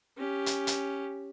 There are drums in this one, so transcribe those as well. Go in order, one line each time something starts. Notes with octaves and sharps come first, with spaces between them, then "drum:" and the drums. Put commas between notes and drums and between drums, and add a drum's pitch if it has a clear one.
C#4 G4
drum: hi-hat
drum: hi-hat